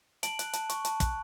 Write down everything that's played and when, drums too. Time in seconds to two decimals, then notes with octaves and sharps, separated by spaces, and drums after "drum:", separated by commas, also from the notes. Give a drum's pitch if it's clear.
0.23 A5 D7 F#7, drum: hi-hat
0.39 F#6, drum: hi-hat
0.53 A5, drum: hi-hat
0.69 C#6, drum: hi-hat
0.85 A5, drum: hi-hat
1.00 F#6, drum: kick, hi-hat